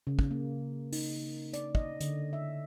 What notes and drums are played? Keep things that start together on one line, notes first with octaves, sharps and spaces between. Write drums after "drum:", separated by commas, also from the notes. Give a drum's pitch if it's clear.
C#3
drum: kick
A#3
D#4, drum: open hi-hat
D5, drum: hi-hat
D#5, drum: kick
D3, drum: hi-hat
E5